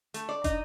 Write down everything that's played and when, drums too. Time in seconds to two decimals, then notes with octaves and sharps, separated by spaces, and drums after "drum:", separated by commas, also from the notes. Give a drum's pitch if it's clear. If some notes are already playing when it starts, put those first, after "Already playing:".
0.14 A3, drum: hi-hat
0.29 D5
0.44 D#4, drum: kick, hi-hat